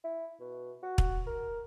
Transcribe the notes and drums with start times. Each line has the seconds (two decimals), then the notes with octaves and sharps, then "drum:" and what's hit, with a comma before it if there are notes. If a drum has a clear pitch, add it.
0.04 E4
0.40 B2
0.83 F#4
0.98 drum: kick
1.27 A#4